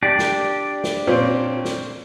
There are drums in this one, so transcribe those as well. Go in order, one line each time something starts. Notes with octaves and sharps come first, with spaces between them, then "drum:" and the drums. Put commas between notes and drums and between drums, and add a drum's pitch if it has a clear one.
D4 G4 D5
drum: snare
drum: snare
A#2 C4 C#4
drum: snare